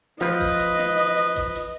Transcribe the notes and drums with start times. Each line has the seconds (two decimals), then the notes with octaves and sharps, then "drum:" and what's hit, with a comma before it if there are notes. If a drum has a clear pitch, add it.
0.21 F3 B4 D#5, drum: snare
0.40 drum: kick G#1, open hi-hat
0.59 drum: hi-hat
0.79 drum: snare
0.98 drum: hi-hat
1.17 drum: hi-hat
1.36 drum: kick G#1, hi-hat
1.55 drum: hi-hat